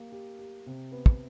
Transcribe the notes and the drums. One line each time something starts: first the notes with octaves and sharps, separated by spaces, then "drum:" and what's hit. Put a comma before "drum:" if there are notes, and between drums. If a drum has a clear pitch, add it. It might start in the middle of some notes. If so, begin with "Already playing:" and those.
Already playing: A#3 G4
G4
G4
C3
B3
drum: kick